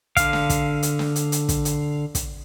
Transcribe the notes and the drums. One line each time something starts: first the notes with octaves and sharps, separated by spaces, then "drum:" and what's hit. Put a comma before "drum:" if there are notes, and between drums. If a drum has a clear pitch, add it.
D3 F5, drum: kick, hi-hat
drum: snare
drum: kick, hi-hat
drum: hi-hat
drum: snare
drum: hi-hat
drum: hi-hat
drum: kick, hi-hat
drum: hi-hat
drum: kick, hi-hat